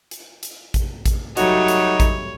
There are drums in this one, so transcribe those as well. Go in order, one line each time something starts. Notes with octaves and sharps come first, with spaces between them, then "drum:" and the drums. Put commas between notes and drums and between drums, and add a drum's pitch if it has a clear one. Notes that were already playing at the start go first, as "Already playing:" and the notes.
drum: hi-hat
drum: hi-hat
drum: kick A1, hi-hat
drum: kick A1, hi-hat
F#3 G3 A3 D#4 F#4 C#5, drum: hi-hat
drum: hi-hat
drum: kick A1, hi-hat